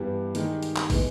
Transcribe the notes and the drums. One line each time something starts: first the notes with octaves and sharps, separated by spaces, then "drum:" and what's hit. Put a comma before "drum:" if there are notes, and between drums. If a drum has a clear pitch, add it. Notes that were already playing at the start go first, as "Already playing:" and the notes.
Already playing: G2 E3 G3 B3 G4
D#3 G#3 D#4 G4, drum: hi-hat
drum: hi-hat
drum: clap
E3 G#3 B3, drum: kick, open hi-hat